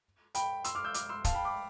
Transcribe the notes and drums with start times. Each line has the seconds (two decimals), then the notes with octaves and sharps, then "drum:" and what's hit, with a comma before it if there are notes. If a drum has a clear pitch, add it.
0.35 G5 B5, drum: hi-hat
0.64 C6 E6, drum: hi-hat
0.75 D6 F6
0.85 E6 G6
0.94 D6 F6, drum: hi-hat
1.09 C6 E6
1.25 F5 A5, drum: kick, hi-hat
1.35 G5 B5
1.45 B5 D6